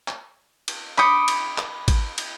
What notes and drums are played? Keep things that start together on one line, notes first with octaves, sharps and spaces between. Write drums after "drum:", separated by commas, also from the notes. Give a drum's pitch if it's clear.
drum: clap
drum: cymbal
B5 D6 D#6 G6 C#7, drum: clap
drum: cymbal
drum: clap
drum: kick, cymbal
drum: cymbal